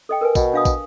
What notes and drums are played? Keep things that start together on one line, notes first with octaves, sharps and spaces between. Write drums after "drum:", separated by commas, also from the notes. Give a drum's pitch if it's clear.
A4 D#5 G5
A#4 B4 G#5
B2, drum: kick, tambourine
D4 F5 D#6
drum: kick, tambourine